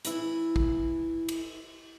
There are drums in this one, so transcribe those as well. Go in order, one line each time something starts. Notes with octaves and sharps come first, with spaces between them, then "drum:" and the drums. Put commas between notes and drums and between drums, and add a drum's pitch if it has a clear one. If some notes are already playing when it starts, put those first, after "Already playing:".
E3 E4, drum: hi-hat
drum: kick
drum: cymbal